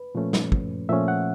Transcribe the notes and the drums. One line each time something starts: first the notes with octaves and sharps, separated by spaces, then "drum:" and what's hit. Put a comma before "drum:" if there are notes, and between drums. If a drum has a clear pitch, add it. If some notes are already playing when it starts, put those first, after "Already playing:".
Already playing: B4
A#2 F3 A3 C#4
drum: snare
drum: kick
A#2 F3 A3 C#4 E5
F#5